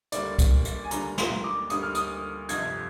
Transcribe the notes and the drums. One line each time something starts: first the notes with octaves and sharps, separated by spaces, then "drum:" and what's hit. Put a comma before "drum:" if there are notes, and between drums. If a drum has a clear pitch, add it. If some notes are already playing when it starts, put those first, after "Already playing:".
D2 D3 G3 A#3 D5, drum: hi-hat
drum: kick C2, hi-hat
drum: hi-hat
G#5
D2 D3 G3 A#3 A#5, drum: hi-hat
C6, drum: snare
D6
D2 D3 G3 A#3 D#6, drum: hi-hat
F6
D#6, drum: hi-hat
G1 F2 C3 G#6, drum: hi-hat